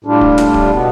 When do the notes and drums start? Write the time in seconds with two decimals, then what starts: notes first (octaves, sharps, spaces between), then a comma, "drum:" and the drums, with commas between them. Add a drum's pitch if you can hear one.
0.04 A2 G3 D4 F4
0.21 drum: kick D1
0.38 drum: snare
0.54 drum: kick D1
0.71 B2 B3